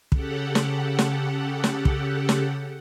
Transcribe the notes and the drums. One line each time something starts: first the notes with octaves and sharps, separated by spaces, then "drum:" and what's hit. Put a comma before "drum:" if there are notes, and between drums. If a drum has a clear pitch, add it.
C#3 G4 A4 F#5, drum: kick
drum: snare
drum: snare
drum: snare
drum: kick
drum: snare